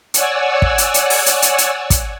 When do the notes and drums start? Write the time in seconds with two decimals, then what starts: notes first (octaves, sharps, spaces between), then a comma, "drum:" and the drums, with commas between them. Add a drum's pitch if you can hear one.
0.14 C#5 D5 F#5 G#5 E6, drum: hi-hat
0.62 drum: kick
0.78 drum: hi-hat
0.94 drum: hi-hat
1.10 drum: open hi-hat
1.26 drum: hi-hat
1.42 drum: hi-hat
1.58 drum: hi-hat
1.90 drum: kick, hi-hat